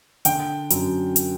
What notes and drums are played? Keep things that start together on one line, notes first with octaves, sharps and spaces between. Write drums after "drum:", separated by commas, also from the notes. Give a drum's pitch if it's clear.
D3 G5, drum: hi-hat
F#2, drum: hi-hat
drum: hi-hat